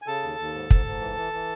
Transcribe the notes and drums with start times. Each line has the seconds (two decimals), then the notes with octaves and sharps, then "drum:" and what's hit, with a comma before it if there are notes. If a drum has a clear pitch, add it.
0.02 G#5
0.07 C#3 A4 A5
0.23 D#2
0.39 D#2
0.54 G#2
0.71 G#2, drum: kick
0.86 G#2
1.01 E3
1.17 E3
1.33 E3